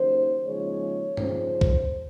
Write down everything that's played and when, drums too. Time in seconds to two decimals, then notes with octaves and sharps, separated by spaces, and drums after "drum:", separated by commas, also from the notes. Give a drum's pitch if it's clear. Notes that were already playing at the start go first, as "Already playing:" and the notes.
Already playing: D#2 C#3 F#3 C5
0.45 D#2 C#3 F3 G#3 C#5
1.17 D#2 C#3 F3 C5, drum: tom G2
1.61 drum: kick